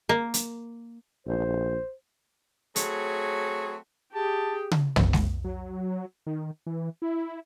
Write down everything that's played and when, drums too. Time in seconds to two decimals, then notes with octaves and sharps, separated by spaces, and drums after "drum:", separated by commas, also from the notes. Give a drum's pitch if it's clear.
0.09 A#3
0.34 drum: hi-hat
1.26 A#1 C5
2.76 F#3 A3 C4 F#4 G#4 C#5, drum: hi-hat
4.13 G4 G#4 A5
4.71 drum: tom C#3
4.96 F1, drum: tom
5.13 drum: snare G#3
5.44 F#3
6.27 D#3
6.66 E3
7.02 E4